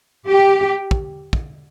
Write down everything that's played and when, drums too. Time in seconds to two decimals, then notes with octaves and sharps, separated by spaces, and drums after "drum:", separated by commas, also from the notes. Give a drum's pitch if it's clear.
0.28 G4
0.91 drum: kick
1.33 drum: kick